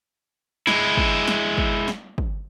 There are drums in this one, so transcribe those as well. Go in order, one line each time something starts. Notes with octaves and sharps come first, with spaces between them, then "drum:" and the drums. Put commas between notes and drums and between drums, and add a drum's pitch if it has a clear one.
G#3 E4, drum: snare
drum: kick
drum: snare
drum: kick
drum: snare
drum: kick